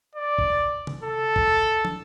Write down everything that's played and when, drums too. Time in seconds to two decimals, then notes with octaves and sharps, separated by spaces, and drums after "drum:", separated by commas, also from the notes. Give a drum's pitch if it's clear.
0.15 D5
0.39 drum: kick
0.87 drum: tom C3
1.04 A4
1.36 drum: kick
1.85 drum: tom